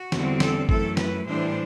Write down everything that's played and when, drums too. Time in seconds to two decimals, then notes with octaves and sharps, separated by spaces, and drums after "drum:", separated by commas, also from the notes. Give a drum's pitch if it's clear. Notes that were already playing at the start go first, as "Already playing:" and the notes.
Already playing: F#4
0.12 E2 D3 G3 C4, drum: snare
0.40 A4, drum: snare
0.69 F#2 E3 A3 A4, drum: kick G#1
0.97 B4, drum: snare
1.25 A2 E3 G3 D4 C5